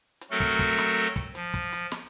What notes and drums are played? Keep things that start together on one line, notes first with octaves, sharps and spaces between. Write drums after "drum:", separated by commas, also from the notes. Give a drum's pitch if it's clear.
drum: hi-hat
F#3 A3 C4 F#4 A4 A#4
drum: kick, hi-hat
drum: kick, hi-hat
drum: snare
drum: hi-hat
drum: kick, hi-hat
F3, drum: hi-hat
drum: kick, hi-hat
drum: hi-hat
drum: snare